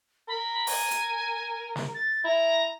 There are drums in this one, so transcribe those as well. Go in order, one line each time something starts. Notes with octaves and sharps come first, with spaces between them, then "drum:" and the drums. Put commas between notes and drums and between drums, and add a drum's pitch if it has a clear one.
A#4 B5
G#5, drum: open hi-hat
drum: hi-hat
drum: snare
A6
E4 A#5